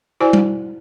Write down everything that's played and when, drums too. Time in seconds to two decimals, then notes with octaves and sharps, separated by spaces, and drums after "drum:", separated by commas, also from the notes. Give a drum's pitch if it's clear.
0.21 E4 F#4 C5 D5 G#5
0.33 drum: tom G3